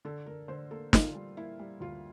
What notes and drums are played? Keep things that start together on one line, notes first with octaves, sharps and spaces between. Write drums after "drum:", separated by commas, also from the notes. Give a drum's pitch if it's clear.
D3 A4
D3 A#4
D3 C5
A#3 A4
D3 F4, drum: snare
G3
A#3 E4
G3
D2 F4